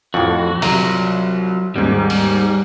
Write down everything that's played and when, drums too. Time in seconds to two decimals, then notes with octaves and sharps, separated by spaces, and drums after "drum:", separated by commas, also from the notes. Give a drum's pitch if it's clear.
0.14 F2 A2 F#4
0.62 C2 F#3 F4 A#5, drum: open hi-hat
1.76 D#2 G#2 G3
2.10 drum: open hi-hat